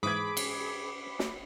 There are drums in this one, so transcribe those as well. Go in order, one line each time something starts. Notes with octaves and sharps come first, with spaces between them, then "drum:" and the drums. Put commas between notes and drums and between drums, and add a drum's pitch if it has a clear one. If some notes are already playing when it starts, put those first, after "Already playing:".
G#2 E3 G#4 B5 D6 D#6 G#6 B6
drum: cymbal
drum: snare